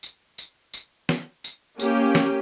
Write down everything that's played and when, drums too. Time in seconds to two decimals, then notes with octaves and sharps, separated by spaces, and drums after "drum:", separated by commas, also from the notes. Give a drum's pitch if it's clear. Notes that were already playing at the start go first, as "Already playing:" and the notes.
0.03 drum: tambourine
0.38 drum: tambourine
0.74 drum: tambourine
1.09 drum: snare
1.44 drum: tambourine
1.80 A#3 C#4 G4, drum: tambourine
2.15 drum: snare